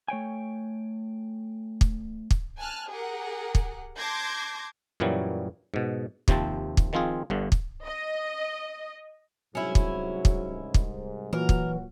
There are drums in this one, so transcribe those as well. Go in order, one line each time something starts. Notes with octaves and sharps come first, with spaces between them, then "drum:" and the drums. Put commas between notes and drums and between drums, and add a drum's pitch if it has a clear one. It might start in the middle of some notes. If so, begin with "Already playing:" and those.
A3 C#5 G5 G#5
drum: kick
drum: kick
G#5 A5 F6 F#6
G4 G#4 A#4 F#5
drum: kick
A5 C6 D6 G6 G#6 A#6
F#2 A#2 E3 F#3 G3
G#2 B2
D#2 C3 F3 C4 A5, drum: kick
drum: kick
D#3 F3 C4 F4 G#4
G1 G2 D3
drum: kick
D#5
C2 G#2 F#3 C#4 E4
drum: kick
drum: kick
drum: kick
A#2 E3 F#3 F#4 A#4
drum: kick